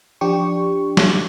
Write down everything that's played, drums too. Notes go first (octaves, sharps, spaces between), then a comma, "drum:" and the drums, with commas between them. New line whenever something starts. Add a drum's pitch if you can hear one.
F3 D4 G4 C#6
drum: snare